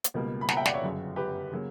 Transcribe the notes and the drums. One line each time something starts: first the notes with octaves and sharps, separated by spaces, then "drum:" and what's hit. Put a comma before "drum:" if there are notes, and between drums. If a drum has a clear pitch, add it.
drum: hi-hat
C#2 B2 G3 A#3
B5
F#5 A#5, drum: snare
E5 G5
D5 F#5, drum: snare
C#5 E5
G1 F#2 C#3 F#3
G4 B4
C#3 F#3 A#3